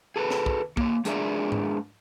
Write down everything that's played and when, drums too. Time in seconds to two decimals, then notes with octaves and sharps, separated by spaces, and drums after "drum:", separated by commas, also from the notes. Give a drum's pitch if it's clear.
0.16 G#4 A4 B4
0.30 drum: snare
0.46 drum: kick
0.77 A#3 C#5, drum: kick
1.05 G#3 D4 G#4 A#4 D5 E5, drum: hi-hat
1.52 drum: tom G#2